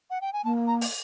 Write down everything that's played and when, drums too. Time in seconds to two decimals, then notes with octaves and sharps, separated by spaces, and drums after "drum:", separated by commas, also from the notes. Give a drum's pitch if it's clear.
0.10 F#5
0.21 G5
0.33 G#5
0.44 A#3 A5
0.67 A#5
0.81 drum: open hi-hat